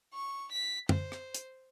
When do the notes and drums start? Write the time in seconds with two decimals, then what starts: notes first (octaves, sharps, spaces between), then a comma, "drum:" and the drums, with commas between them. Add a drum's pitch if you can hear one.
0.14 C#6
0.52 B6
0.89 C5, drum: tom
1.12 drum: rim click
1.35 drum: hi-hat